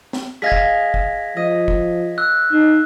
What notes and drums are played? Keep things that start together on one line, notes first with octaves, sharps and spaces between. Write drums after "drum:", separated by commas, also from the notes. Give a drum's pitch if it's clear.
drum: snare
G#4 D#5 F5 G#6 A#6 B6
drum: kick
drum: kick
F3 D#5
drum: kick
E6 F#6
D#4